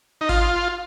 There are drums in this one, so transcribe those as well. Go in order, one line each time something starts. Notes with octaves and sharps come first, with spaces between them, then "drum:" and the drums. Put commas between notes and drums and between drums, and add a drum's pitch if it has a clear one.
D#4
F4, drum: kick G#1, open hi-hat